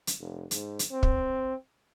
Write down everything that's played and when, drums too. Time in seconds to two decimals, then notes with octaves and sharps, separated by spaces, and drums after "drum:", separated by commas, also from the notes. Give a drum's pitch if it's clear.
0.07 drum: hi-hat
0.20 F1
0.51 G#2, drum: hi-hat
0.79 drum: hi-hat
0.91 C4
1.03 drum: kick